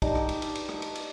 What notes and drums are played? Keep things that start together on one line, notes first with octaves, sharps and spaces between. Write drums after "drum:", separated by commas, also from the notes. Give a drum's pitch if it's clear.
D4 D#4 G4, drum: kick, cymbal
drum: rim click
drum: cymbal
drum: cymbal
drum: cymbal
drum: rim click
drum: cymbal
drum: cymbal